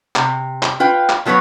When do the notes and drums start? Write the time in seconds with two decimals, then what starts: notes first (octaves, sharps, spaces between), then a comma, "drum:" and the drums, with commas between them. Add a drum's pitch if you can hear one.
0.16 C3, drum: clap
0.63 drum: clap
0.80 F4 B4 G5
1.09 drum: clap
1.26 F3 F#3 B3 B4 C#5